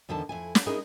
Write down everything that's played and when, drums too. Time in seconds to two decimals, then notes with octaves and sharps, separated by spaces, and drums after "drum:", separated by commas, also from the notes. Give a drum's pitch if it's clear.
0.09 E2 D3 D#3 F3 B3 A5
0.29 F2 E4 G#5
0.55 drum: snare
0.66 C#4 D#4 E4 G#4 A#4